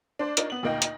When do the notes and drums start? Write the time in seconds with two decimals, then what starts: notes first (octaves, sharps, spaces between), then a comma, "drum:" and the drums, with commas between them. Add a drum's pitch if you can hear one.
0.19 D4 C5 D5
0.37 D4 D#4 F4 A#4 C#5, drum: hi-hat
0.50 B3 F#7
0.63 D2 A#2 A#3 D#4 G5 A#6
0.82 D#4, drum: hi-hat